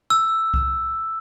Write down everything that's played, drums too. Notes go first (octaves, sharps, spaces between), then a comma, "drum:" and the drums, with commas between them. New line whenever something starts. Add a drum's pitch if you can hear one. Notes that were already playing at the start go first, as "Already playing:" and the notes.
E6
drum: kick C2